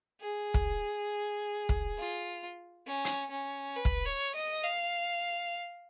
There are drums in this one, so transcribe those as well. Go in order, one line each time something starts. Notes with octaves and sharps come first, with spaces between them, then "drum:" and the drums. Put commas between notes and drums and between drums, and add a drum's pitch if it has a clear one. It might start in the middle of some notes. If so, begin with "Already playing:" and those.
G#4
drum: kick
drum: kick
F4
C#4
drum: hi-hat
C#4
B4
drum: kick
C#5
D#5
F5